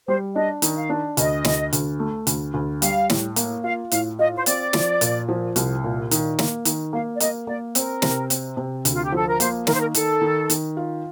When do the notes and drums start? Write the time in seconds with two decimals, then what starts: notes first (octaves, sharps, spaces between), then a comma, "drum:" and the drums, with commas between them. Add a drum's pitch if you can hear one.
0.08 G3 C5
0.36 D4 D#5
0.62 D#3, drum: hi-hat
0.77 F5
0.90 D4
1.17 D2 D#5, drum: hi-hat
1.45 D2, drum: snare
1.73 D2, drum: hi-hat
1.99 A3
2.27 D2, drum: hi-hat
2.54 D2
2.82 G3 F5, drum: hi-hat
3.10 A2, drum: snare
3.36 A#3, drum: hi-hat
3.64 F4 F5
3.92 A2 F5, drum: hi-hat
4.19 F4 D#5
4.37 C5
4.46 C4 D5, drum: hi-hat
4.73 F3, drum: snare
5.01 A#2, drum: hi-hat
5.29 F3
5.56 C2, drum: hi-hat
5.84 A#2
6.11 D#3, drum: hi-hat
6.39 A#3, drum: snare
6.65 D#3, drum: hi-hat
6.93 A#3 F5
7.15 D5
7.20 A#3 D#5, drum: hi-hat
7.47 A#3 D5
7.75 C4 A#4, drum: hi-hat
8.02 C3, drum: snare
8.30 C4, drum: hi-hat
8.57 C3
8.85 D2, drum: hi-hat
8.93 F4
9.04 G4
9.12 F3 A4
9.28 A#4
9.40 A#3 C5, drum: hi-hat
9.67 D#3 A#4, drum: snare
9.74 C5
9.81 A#4
9.94 D#3 A4, drum: hi-hat
10.21 D#3
10.50 D#3, drum: hi-hat
10.77 F4